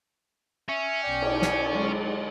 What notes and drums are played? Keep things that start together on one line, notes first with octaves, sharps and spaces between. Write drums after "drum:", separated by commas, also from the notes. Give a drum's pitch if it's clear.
C#4 E5
B1 D5 G5
drum: cymbal
drum: snare
D3 F#3 G#3